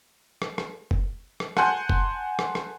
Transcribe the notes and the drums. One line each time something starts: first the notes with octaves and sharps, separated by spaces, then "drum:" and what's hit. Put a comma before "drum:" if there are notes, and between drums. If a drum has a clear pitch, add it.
drum: rim click
drum: rim click
drum: kick F#1
drum: rim click
F#5 G#5 A5 C6 F#6 G6, drum: rim click
drum: kick F#1
drum: rim click
drum: rim click